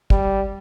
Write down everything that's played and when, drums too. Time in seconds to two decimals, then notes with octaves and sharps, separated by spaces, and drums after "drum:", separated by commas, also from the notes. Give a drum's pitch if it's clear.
0.10 G3, drum: kick